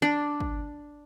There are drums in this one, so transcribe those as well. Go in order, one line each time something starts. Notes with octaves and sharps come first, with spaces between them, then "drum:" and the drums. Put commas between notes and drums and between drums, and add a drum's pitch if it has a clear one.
D4
drum: kick